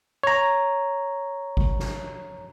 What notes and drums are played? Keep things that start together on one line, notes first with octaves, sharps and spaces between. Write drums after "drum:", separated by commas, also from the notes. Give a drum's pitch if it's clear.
C#5 A#5
drum: kick G#1
drum: snare